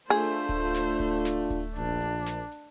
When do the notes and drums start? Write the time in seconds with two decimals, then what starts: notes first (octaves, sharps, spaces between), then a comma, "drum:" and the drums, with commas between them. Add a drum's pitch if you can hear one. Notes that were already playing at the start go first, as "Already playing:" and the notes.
0.10 A3 D4 F4 G#4 C5
0.24 drum: hi-hat
0.49 drum: kick D1, hi-hat
0.74 drum: snare
1.00 drum: kick D1
1.25 drum: snare
1.50 drum: kick D1, hi-hat
1.76 A#1 D4, drum: hi-hat
2.01 drum: hi-hat
2.26 drum: snare
2.51 drum: hi-hat